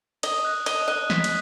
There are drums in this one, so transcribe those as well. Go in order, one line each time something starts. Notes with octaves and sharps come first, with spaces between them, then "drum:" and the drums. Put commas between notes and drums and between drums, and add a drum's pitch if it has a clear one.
D#5 D#6, drum: cymbal
F#6
D#5 D#6, drum: cymbal
D#5 F#6
B6, drum: snare
drum: cymbal